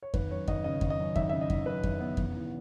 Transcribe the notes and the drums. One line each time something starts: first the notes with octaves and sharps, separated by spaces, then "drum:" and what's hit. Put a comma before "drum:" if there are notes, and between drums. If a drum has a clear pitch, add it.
C#5
G#1 B4, drum: kick F2
F#2 C#5
G#1 D#5, drum: kick F2
C#3 D#5
G#1, drum: kick F2
D#5
F#2
G#1 E5, drum: kick F2
C#3 E5
D#5
G#1, drum: kick F2
F#2 B4
G#1, drum: kick F2
C#3 B3
E1, drum: kick F2
E2